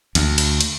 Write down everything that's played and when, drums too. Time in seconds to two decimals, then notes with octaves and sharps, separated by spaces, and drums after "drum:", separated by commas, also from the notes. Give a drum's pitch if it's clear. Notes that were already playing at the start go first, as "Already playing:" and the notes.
0.15 D2, drum: cymbal
0.38 drum: cymbal
0.61 drum: cymbal